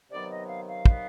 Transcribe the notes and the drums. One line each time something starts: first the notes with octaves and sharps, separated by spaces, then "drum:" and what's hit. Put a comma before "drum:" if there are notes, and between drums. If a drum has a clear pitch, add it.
C3 D#3 F#3 B3 D5
D#5
F5
F5
C3 D#3 F#3 B3, drum: kick